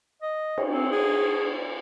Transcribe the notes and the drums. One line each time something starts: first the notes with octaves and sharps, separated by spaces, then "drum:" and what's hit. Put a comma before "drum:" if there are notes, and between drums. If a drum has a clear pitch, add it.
D#5
drum: cymbal
C4
G#4